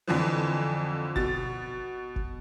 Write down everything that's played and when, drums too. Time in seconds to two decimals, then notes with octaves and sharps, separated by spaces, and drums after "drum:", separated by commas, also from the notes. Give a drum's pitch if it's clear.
0.07 F2 D3 E3 F3
1.16 B2 A6, drum: kick F#1
2.16 drum: kick F#1